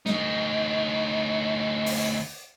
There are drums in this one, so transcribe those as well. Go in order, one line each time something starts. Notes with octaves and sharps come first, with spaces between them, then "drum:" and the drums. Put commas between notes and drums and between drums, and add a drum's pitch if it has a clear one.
D2 D#4, drum: snare
drum: open hi-hat